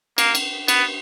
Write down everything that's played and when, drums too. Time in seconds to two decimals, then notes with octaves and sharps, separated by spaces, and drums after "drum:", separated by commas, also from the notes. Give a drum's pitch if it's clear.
0.18 A#3, drum: cymbal
0.35 drum: cymbal
0.68 B3, drum: cymbal